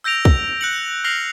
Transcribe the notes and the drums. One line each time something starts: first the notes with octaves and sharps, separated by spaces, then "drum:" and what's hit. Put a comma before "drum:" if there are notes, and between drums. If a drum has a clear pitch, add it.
E6 G6 A#6 D7 F7
drum: kick
F#6 C#7 F#7
F6 A#6 C7 F7 F#7